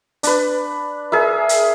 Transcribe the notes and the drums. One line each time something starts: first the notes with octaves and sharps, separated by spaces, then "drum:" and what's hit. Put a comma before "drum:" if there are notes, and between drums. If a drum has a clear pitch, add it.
D4 B4, drum: hi-hat
G#4 A#4 E5
drum: hi-hat